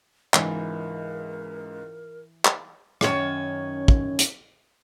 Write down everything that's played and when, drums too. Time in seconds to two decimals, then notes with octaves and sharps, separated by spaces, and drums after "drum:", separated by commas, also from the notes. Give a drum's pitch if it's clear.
0.34 C#2 G#2 E3 A#4, drum: clap
2.45 drum: clap
3.01 F#2 D#3 C#4 E4 C#5 A5, drum: rim click
3.88 drum: kick
4.19 drum: hi-hat